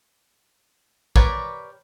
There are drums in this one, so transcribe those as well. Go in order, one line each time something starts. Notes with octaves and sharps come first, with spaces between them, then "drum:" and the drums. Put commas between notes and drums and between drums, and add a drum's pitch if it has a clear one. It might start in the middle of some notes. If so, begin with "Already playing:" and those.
G4 A#4 B4 C#5 D5, drum: kick